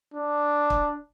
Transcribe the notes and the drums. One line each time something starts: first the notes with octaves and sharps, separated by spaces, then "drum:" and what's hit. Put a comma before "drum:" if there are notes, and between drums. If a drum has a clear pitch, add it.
D4
drum: kick